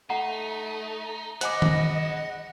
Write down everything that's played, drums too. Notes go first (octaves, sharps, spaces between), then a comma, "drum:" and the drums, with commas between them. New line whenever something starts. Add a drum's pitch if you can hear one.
A3 D#4 F#5 A#5
G#4 C5 D#5 F#5 G#5 B5 D6, drum: hi-hat
drum: tom D#3